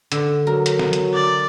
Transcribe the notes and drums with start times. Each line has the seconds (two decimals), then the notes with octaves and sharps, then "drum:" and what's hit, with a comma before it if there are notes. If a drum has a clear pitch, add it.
0.12 D3, drum: hi-hat
0.47 F#3 A#4
0.66 drum: hi-hat
0.79 drum: snare E3
0.93 drum: hi-hat
1.14 D5